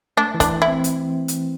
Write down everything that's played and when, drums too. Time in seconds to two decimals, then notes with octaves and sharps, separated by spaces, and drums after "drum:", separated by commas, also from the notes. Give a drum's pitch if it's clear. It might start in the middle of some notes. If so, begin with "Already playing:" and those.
0.17 A3 D4
0.34 E3
0.40 D4, drum: kick, hi-hat
0.62 E4
0.68 C4
0.84 drum: hi-hat
1.28 drum: hi-hat